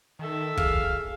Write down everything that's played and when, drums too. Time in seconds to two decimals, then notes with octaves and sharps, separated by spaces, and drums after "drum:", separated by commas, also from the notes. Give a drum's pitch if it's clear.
0.19 D#3 A4 E5
0.57 D1 G#4 F5, drum: kick